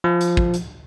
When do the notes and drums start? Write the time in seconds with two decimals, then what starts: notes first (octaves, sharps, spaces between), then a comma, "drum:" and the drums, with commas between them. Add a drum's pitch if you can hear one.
0.04 F3
0.21 drum: hi-hat
0.37 drum: kick
0.54 drum: hi-hat